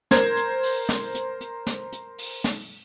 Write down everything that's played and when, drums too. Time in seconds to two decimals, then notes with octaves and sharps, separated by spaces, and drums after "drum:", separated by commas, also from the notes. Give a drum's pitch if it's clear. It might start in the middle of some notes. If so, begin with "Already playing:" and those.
0.11 A#4 C5 G#6, drum: snare
0.37 drum: hi-hat
0.63 drum: open hi-hat
0.89 drum: snare
1.15 drum: hi-hat
1.41 drum: hi-hat
1.67 drum: snare
1.92 drum: hi-hat
2.18 drum: open hi-hat
2.44 drum: snare